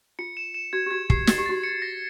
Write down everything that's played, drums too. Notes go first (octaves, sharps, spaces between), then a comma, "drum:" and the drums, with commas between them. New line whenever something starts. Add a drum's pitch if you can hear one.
F4 C#7
E7
E7
F#4 G#6
G4
F#4 G#6
G4 C7, drum: kick
F#4 A6, drum: snare
G4
F#4 A6
C#7
A#6